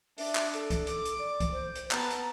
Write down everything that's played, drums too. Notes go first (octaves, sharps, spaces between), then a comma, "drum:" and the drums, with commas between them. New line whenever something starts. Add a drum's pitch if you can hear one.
D4 E5, drum: open hi-hat
drum: clap
A4, drum: hi-hat
drum: kick C2, hi-hat
D6, drum: hi-hat
drum: hi-hat
D5
drum: kick C2, hi-hat
C5
drum: hi-hat
B3 A5 A#5, drum: clap
drum: hi-hat